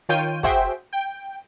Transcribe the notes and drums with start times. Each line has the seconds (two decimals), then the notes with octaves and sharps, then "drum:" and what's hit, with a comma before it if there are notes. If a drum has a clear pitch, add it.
0.09 D#3 F4 C#5 G5 G6 D#7
0.43 F#4 G#4 C5 E5 G5, drum: kick
0.93 G5